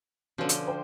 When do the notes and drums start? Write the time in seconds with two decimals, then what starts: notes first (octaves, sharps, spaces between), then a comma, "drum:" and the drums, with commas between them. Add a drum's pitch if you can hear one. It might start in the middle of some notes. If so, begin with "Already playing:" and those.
0.38 B2 D3 F3 C#4
0.49 drum: hi-hat
0.67 C5 G5